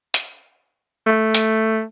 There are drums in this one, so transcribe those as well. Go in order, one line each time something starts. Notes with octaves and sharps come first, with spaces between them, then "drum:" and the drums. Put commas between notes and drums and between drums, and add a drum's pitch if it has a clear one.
drum: hi-hat
A3
drum: hi-hat